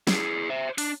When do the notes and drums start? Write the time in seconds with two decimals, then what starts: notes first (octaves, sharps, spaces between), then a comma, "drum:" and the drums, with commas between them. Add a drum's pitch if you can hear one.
0.07 E4 G#4, drum: snare
0.50 C5 E5
0.78 D4, drum: open hi-hat